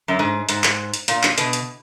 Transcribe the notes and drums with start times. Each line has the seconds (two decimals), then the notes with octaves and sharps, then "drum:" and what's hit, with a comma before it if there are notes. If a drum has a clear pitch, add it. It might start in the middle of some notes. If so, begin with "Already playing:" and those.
0.08 F#2
0.19 G#2
0.49 G#2, drum: hi-hat
0.64 drum: clap
0.94 drum: hi-hat
1.08 A#2, drum: hi-hat
1.23 drum: clap
1.38 B2, drum: hi-hat
1.53 drum: hi-hat